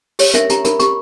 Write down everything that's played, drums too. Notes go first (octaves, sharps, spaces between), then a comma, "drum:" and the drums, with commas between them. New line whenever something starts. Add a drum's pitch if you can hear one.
G4 C#5, drum: open hi-hat
A#4 E5, drum: hi-hat
G4 A#5, drum: hi-hat
A#4 B5, drum: hi-hat
G4 C#6, drum: hi-hat